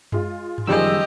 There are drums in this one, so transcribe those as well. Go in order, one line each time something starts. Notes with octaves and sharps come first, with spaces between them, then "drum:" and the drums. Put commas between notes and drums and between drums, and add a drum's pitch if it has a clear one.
G#3 F4, drum: tom F#2
drum: tom G2
F#1 D#3 F3 G3 G4 G#4 D#5 E6